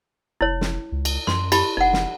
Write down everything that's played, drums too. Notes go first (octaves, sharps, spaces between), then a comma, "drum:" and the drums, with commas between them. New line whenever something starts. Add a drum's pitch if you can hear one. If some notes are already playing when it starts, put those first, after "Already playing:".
F1 E4 C#5
drum: snare
C#2
drum: cymbal
F#2 C6, drum: snare
E4 G4 B5, drum: cymbal
F1 D#4 F#5
drum: snare